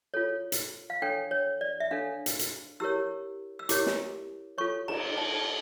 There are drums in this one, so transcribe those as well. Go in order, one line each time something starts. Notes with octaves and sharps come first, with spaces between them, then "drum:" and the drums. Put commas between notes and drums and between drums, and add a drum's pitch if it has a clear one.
F4 A4 C#5
drum: hi-hat
F5
D4 A4 C#5 G5
C#5
D5
E5
D4 A4 C#5 F5
drum: hi-hat
drum: hi-hat
E4 G4 A#4 C#5 E6
E6
E4 G4 A#4 C#5 D6, drum: hi-hat
drum: snare
F4 A4 C#5 C#6
A#5, drum: cymbal
A5